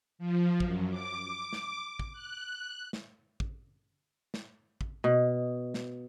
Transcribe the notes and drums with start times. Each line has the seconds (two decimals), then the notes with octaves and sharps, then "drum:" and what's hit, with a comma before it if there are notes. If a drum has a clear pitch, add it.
0.19 F3
0.60 F#2, drum: kick
0.91 D6
1.53 drum: snare
1.99 drum: kick
2.13 F#6
2.93 drum: snare
3.40 drum: kick
4.34 drum: snare
4.81 drum: kick
5.04 B2
5.74 drum: snare